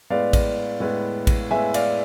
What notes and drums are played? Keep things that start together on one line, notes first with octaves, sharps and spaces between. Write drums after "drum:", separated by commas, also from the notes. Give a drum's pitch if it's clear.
A2 G#3 B3 D5 F5
drum: kick A1, cymbal
A2 G#3 B3
drum: kick A1, cymbal
A2 G#3 B3 E5 G#5
D5 F5, drum: cymbal